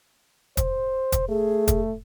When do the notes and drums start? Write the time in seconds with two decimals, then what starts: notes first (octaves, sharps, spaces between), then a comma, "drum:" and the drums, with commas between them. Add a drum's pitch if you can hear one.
0.57 C5, drum: kick, hi-hat
1.12 drum: kick, hi-hat
1.29 A3 G#4
1.68 drum: kick, hi-hat